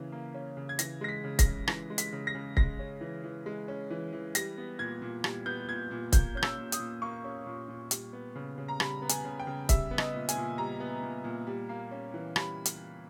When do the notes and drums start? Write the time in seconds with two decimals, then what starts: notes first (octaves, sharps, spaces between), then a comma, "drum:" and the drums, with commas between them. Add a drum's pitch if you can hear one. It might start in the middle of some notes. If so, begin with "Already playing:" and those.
Already playing: C#3 E3 A#3 C#4
0.12 A#3
0.34 C#4
0.57 C#3
0.69 G#6
0.79 E3 A#6, drum: hi-hat
1.01 G#3 A#6
1.08 B6
1.24 C#3
1.39 A#6, drum: kick C#1, hi-hat
1.46 C#3
1.68 E3 A#6, drum: rim click
1.90 G#3
1.98 B6, drum: hi-hat
2.13 C#3
2.27 A#6
2.35 C#3
2.57 G#3 A#6, drum: kick C#1
2.79 C#4
3.01 E3
3.24 E3
3.46 G#3
3.68 C#4
3.90 E3
4.13 E3
4.35 G3 A#6, drum: hi-hat
4.58 B3
4.79 A#2 G#6
5.02 A#2
5.24 G3, drum: rim click
5.46 B3 G6
5.68 A#2 G#6
5.91 A#2
6.12 A#3 G6, drum: kick C#1, hi-hat
6.35 C#4 G6
6.43 E6, drum: rim click
6.57 A#2
6.72 D#6, drum: hi-hat
6.79 A#2
7.02 A#3 C#6
7.24 C#4
7.46 A#2
7.68 A#2
7.91 G3, drum: hi-hat
8.13 B3
8.35 C#3
8.58 C#3
8.68 A#5
8.80 G3 B5, drum: rim click
9.02 B3
9.09 G#5, drum: hi-hat
9.25 C#3
9.39 G5
9.47 C#3
9.69 G3 E5, drum: kick C#1, hi-hat
9.91 B3
9.98 D#5, drum: rim click
10.14 A#2
10.29 G#5, drum: hi-hat
10.36 A#2
10.58 G3 A#5
10.80 B3
11.02 A#2
11.24 A#2
11.47 G3
11.69 A#3
11.91 C#4
12.14 E3
12.36 G3 B5, drum: rim click
12.66 drum: hi-hat